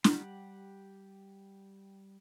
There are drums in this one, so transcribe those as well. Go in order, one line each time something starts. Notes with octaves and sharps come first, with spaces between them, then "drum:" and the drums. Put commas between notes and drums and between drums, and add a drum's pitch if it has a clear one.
G3 G4 F#5, drum: snare